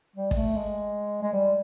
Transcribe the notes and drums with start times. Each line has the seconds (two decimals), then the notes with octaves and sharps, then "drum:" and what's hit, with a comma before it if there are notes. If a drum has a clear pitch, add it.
0.16 G3
0.31 G#3, drum: kick
0.36 A3
0.56 G#3
1.23 G#3
1.33 G3